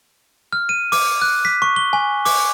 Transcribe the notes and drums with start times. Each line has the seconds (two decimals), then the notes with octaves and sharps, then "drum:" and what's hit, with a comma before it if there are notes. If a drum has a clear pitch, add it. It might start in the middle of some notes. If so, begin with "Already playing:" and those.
0.53 F6
0.69 D#7
0.92 D6, drum: open hi-hat
1.22 F#6
1.45 B6
1.62 C#6
1.76 G7
1.93 G#5
2.25 D6, drum: open hi-hat